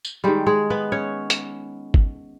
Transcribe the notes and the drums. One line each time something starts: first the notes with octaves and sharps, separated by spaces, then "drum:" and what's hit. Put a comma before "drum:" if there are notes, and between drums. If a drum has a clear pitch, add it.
drum: tambourine
D#3 G3 G#3 G4
G#3 G#4
B3 B4
C#4 C#5
drum: hi-hat
drum: kick